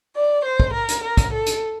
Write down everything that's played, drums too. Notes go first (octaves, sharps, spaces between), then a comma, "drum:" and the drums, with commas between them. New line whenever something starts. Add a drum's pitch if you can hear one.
D5
C5
drum: kick
A#4
drum: hi-hat
A#4
drum: kick, hi-hat
A4
drum: hi-hat